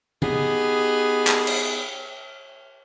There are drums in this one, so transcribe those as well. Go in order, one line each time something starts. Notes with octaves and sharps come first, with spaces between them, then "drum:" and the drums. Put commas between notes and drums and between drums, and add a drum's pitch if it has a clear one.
B3 D#4 G4 G#4, drum: tom C#3
drum: clap
drum: cymbal